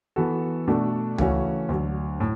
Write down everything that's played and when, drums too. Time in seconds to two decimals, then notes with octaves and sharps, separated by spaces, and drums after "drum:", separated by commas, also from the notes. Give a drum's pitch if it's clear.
0.16 E3 B3 F#4 A4
0.68 B2 A3 D4 F#4 A4
1.18 C#3 E3 A3 C#4 F#4, drum: tom C#2
1.69 D2 D3 F#3
2.20 A2